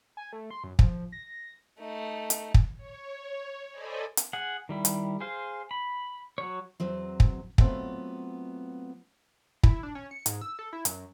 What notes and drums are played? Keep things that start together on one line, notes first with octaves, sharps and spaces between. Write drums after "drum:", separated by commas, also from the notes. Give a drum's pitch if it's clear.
G#5
A3
C6
F#2
F3, drum: kick
A#6
A3 D#4
drum: hi-hat
drum: kick
C#5
A4 C5 D5 D#5 G#5 B5
drum: hi-hat
G#4 F#5
D#3 G3 E4
drum: hi-hat
G#4 C5 F5
B5
F#3 C#5
E2 F#3 C4
drum: kick
F#3 A3 B3 C4 F4, drum: kick
E4, drum: kick
D4
C#4
C#7
G#2, drum: hi-hat
E6
A4
E4
F#2, drum: hi-hat